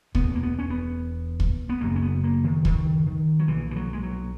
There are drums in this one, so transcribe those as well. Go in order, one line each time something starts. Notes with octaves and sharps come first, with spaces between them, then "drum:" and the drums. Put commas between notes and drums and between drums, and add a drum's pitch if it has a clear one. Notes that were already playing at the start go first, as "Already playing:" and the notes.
E1 E2 B2 B3, drum: kick
A#3
B3
C#4
B3
drum: kick
B3
F#1 F#2 C#3 A#3
C#4
B3
A#3
D#3
D#3, drum: kick
D#3
F#3
B1 A#2 E3
E3
F#3
G#3
F#3